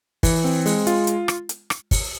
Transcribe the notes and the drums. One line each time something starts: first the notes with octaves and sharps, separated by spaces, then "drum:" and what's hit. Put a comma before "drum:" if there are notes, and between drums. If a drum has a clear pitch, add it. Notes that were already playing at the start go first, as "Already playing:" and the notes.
E3, drum: kick, open hi-hat
C4
G#3, drum: open hi-hat
F4, drum: hi-hat
drum: hi-hat
drum: rim click
drum: hi-hat
drum: rim click
drum: kick, open hi-hat